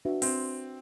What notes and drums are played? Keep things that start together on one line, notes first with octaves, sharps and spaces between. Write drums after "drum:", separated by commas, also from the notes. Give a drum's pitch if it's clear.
D4 F#4 B4 E5
C4, drum: open hi-hat